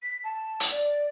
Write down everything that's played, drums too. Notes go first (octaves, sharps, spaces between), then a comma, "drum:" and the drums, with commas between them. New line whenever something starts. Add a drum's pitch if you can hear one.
B6
A5
drum: hi-hat
D5